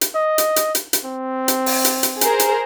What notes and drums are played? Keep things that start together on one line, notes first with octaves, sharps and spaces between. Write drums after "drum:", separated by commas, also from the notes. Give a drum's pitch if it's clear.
drum: hi-hat
D#5
drum: hi-hat
drum: hi-hat
drum: hi-hat
drum: hi-hat
C4
drum: hi-hat
drum: open hi-hat
drum: hi-hat
drum: hi-hat
G#4 A#4 C5, drum: hi-hat
drum: hi-hat